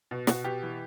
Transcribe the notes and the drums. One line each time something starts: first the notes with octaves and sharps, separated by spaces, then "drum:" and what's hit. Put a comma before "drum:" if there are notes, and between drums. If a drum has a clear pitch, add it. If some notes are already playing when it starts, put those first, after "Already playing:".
B2
B2 F#4, drum: snare
B2 G4
E3